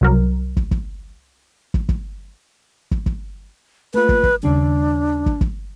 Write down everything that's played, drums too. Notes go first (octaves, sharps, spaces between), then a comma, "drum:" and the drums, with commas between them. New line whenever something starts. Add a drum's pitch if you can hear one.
C2 F#3 A#4
drum: kick
drum: kick
drum: kick
drum: kick
drum: kick
drum: kick
A3 A#3 F4 B4
drum: kick
drum: kick
D#2 C#3 G3 D4
drum: kick
drum: kick